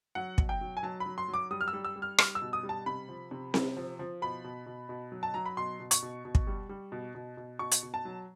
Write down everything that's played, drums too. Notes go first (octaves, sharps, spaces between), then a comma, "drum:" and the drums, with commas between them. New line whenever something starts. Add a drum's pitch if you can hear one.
F#3 F#5
B2, drum: kick
G5
F#3
G#5
F#3 A5
B5
F#3
C6
F#3
D6
G3 D#6
F6
E6
G3
E6
G3
F6
G3 F6, drum: rim click
E6
B2
D#6
G3
A5
C3 B5
F3
C3
C3, drum: snare C4
F3
F3
B2 B5
B2
B2
B2
F#3
A5
F#3 A#5
B5
B2 C6
B2
C#6, drum: hi-hat
B2
B2
drum: kick
G3
G3
B2
B2
B2
B2 C#6
drum: hi-hat
B2
A5
F#3